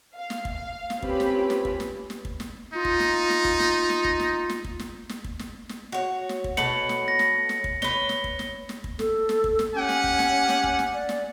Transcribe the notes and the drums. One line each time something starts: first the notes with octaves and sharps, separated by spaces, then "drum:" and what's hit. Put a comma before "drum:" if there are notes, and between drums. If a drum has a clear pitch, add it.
F5
drum: snare
drum: kick
F5
drum: snare
C4 C#4 F4 G4 B4 B5, drum: kick
drum: snare
drum: snare
drum: kick
drum: snare
drum: snare
drum: kick
drum: snare
D#4 F4
drum: kick
drum: snare
drum: snare
drum: kick
drum: snare
drum: snare
drum: kick
drum: snare
drum: snare
drum: kick
drum: snare
drum: snare
drum: kick
drum: snare
drum: snare
F#4 C#5
drum: snare
drum: kick
B2 A4 C#5 C#7 F#7, drum: snare
drum: snare
A#6
drum: snare
drum: snare
drum: kick
B4 C#5 G7, drum: snare
drum: snare
drum: kick
drum: snare
drum: snare
drum: kick
A4, drum: snare
drum: snare
drum: kick
drum: snare
C#4 G4 F#5 G#5
drum: snare
drum: kick
drum: snare
drum: snare
drum: kick
drum: snare
D5
drum: snare